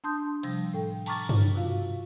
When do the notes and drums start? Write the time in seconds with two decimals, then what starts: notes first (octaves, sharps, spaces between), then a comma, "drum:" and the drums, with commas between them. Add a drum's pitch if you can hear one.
0.04 D4 A5 C6 D#6 G6
0.43 C3 F3 G3, drum: cymbal
0.74 A2 A4 G5
1.06 A5 A#5 C#6 D6 F6 A6, drum: cymbal
1.29 drum: tom G2
1.55 C3 F4 F#4 F5